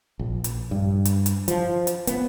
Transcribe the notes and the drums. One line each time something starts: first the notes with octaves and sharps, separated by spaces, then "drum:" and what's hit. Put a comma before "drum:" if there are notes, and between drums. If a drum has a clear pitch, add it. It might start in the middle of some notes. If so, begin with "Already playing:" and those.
A#1
drum: hi-hat
G2
drum: hi-hat
drum: hi-hat
F3, drum: hi-hat
drum: hi-hat
B3, drum: hi-hat